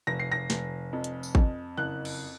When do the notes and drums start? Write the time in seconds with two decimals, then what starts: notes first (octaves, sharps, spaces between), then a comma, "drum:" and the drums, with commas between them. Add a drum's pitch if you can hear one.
0.07 F1 A#6
0.19 C7
0.32 A#6
0.50 F1, drum: snare
0.93 F2
1.04 drum: hi-hat
1.23 drum: tambourine
1.35 F2, drum: kick G#1
1.77 F#1 F#6
2.05 drum: cymbal